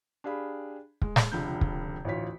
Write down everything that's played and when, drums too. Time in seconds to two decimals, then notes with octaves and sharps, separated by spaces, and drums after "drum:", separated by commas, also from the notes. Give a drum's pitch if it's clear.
0.24 D4 G4 G#4 F5 B5
1.02 G#3, drum: kick
1.16 drum: snare
1.32 F1 C#2 D3 G6
1.61 drum: kick
2.04 A1 D2 E3 F4 C#5 B6